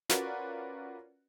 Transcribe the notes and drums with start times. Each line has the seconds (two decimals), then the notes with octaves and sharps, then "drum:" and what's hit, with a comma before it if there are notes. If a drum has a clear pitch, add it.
0.09 C#4 F4 F#4 A#4 B4 D5, drum: snare